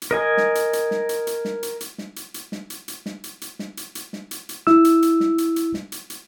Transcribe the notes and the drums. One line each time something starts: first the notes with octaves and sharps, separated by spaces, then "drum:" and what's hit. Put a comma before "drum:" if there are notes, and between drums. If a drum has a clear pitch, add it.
drum: hi-hat
A#4 D#5 G#5
drum: snare
drum: hi-hat
drum: hi-hat
drum: snare
drum: hi-hat
drum: hi-hat
drum: snare
drum: hi-hat
drum: hi-hat
drum: snare
drum: hi-hat
drum: hi-hat
drum: snare
drum: hi-hat
drum: hi-hat
drum: snare
drum: hi-hat
drum: hi-hat
drum: snare
drum: hi-hat
drum: hi-hat
drum: snare
drum: hi-hat
drum: hi-hat
E4 E6, drum: snare
drum: hi-hat
drum: hi-hat
drum: snare
drum: hi-hat
drum: hi-hat
drum: snare
drum: hi-hat
drum: hi-hat